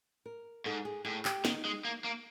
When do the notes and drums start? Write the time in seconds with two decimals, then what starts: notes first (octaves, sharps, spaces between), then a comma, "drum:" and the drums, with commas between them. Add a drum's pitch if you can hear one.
0.26 A#4
0.65 G#2 A4
0.85 G#4
1.05 A2 G#4
1.25 G4, drum: clap
1.45 D#3 D#4, drum: snare
1.65 G#3
1.85 A#3
2.04 A#3